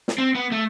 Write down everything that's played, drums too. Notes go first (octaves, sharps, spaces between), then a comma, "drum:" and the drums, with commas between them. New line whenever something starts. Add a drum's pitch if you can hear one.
drum: snare
C4
B3
A3